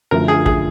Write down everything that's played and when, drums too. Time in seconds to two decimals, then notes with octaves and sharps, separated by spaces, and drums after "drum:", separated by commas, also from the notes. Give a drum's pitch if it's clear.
0.11 F#2 D3 F3 A3 A#4
0.28 G#4
0.46 G#4, drum: kick